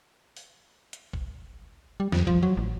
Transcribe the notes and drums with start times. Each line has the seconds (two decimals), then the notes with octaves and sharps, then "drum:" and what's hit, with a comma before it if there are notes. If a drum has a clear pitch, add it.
0.37 drum: open hi-hat
0.93 drum: hi-hat
1.13 drum: kick
2.00 G3
2.12 F2, drum: snare
2.27 F3, drum: kick
2.43 F#3
2.57 A1